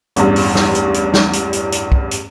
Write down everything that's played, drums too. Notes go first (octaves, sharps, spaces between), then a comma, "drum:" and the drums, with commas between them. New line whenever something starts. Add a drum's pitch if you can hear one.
A1 E2 G2, drum: hi-hat
drum: open hi-hat
drum: snare
drum: hi-hat
drum: hi-hat
drum: snare
drum: hi-hat
drum: hi-hat
drum: hi-hat
drum: kick
drum: hi-hat